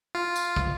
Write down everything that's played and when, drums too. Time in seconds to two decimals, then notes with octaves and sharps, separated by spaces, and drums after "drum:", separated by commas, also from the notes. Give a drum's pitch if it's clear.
0.15 F4
0.36 drum: tambourine
0.56 drum: kick